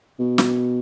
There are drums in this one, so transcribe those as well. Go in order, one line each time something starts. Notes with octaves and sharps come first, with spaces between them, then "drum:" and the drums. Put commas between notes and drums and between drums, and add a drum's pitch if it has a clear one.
B2
drum: snare